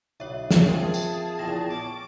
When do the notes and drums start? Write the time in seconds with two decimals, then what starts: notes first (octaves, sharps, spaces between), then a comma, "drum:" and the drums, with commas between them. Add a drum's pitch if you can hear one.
0.20 B1 C#5 E5
0.51 drum: snare
0.68 F2 F4 G#4 A#4 C5 E5 G5 A5
0.94 drum: tambourine
1.39 A#1 E2 A#2 G5 A#6 E7
1.70 C#4 D6